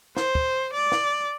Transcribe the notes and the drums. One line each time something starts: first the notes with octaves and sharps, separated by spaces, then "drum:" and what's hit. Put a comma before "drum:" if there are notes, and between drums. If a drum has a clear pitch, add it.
C5, drum: snare
drum: kick
D5
drum: snare